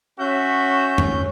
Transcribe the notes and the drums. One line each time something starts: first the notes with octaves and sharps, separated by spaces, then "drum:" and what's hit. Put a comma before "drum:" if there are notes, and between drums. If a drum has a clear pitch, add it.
C#4 F#4 E5 G6
drum: tom F2